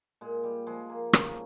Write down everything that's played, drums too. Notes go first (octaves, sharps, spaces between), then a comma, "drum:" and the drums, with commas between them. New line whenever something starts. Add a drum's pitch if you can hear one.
A#2 G#3
G3
F3 G#3
A#3
G#2 C#4, drum: rim click